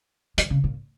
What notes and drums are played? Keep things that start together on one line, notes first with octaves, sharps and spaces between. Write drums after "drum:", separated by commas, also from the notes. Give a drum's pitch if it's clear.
D#3, drum: hi-hat
C#3
A#2